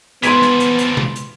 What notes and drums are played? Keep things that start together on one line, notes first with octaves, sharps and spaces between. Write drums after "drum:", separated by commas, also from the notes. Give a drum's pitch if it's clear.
E3 F3 B3 C6 G#6 B6, drum: hi-hat
drum: snare
drum: hi-hat
drum: hi-hat
drum: tom C3
drum: hi-hat